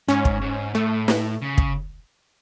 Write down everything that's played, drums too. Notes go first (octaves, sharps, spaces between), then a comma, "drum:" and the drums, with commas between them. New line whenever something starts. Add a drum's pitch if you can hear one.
G#2 C#4
drum: kick
G#2
A2 A3
drum: snare
C#3
drum: kick